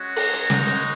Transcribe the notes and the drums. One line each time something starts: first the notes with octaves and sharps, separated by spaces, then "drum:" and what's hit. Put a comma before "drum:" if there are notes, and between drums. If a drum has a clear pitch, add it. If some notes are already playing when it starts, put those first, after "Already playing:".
Already playing: G#3 C#4 F#4
A#5, drum: open hi-hat
drum: hi-hat
G#3 D#4 F#4 A#5, drum: snare
drum: hi-hat